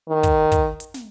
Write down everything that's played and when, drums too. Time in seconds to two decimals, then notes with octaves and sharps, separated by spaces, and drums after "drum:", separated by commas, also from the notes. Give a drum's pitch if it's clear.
0.09 D#3
0.23 drum: kick, hi-hat
0.52 drum: kick, hi-hat
0.80 drum: hi-hat
0.94 drum: snare